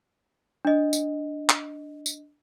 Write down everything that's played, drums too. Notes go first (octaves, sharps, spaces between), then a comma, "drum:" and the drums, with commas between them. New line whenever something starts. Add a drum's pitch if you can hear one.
D4 D#5
drum: tambourine
drum: clap
drum: tambourine